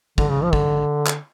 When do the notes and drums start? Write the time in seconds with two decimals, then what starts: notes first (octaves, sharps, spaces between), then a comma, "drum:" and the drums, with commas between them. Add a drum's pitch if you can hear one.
0.18 D3, drum: kick
0.29 C#3
0.43 F3
0.53 D3, drum: kick
1.06 drum: clap